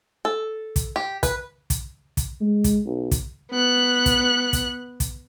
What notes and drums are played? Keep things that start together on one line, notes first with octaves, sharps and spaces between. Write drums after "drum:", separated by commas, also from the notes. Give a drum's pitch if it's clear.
A4
drum: kick, hi-hat
G4
B4, drum: kick, hi-hat
drum: kick, hi-hat
drum: kick, hi-hat
G#3
drum: kick, hi-hat
B1
drum: kick, hi-hat
B3 F#6
drum: kick, hi-hat
drum: kick, hi-hat
drum: kick, hi-hat